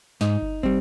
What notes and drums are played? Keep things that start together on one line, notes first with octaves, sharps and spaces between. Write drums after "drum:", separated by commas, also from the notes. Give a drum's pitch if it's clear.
G#2 D#4, drum: snare
drum: kick
G3 C4, drum: kick